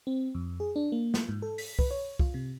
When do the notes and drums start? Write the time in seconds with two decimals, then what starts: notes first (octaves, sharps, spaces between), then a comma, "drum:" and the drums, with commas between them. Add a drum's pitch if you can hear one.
0.07 C4
0.35 F2
0.60 G#4
0.76 D4
0.92 A#3
1.14 drum: snare
1.29 G#2
1.42 A4
1.58 B6, drum: open hi-hat
1.79 B4, drum: kick
1.91 C#5
2.19 F4, drum: kick
2.34 C3